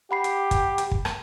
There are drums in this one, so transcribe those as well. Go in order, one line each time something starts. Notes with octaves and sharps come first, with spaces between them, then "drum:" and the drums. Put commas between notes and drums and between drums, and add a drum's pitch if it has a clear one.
G4 F#5 B5 C7
drum: hi-hat
drum: kick, hi-hat
drum: hi-hat
drum: kick
drum: rim click